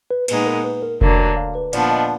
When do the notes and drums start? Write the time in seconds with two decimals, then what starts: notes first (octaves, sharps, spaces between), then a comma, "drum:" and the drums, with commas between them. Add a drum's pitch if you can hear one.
0.11 B4
0.28 A#2 G#3 B3 D#4 B4, drum: cymbal
0.46 A#4
0.64 B4
0.83 A#4
1.01 D2 D3 F#3 A#3 D4 A#4, drum: kick F1
1.19 A#4
1.36 F5
1.55 B4
1.73 A#2 F3 B3 D4 D5, drum: cymbal
1.91 D#5